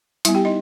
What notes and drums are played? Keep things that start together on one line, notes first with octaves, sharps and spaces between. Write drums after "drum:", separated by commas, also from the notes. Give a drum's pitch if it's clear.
G3 B3 E4 E5, drum: hi-hat
G4 G5
D#4 D#5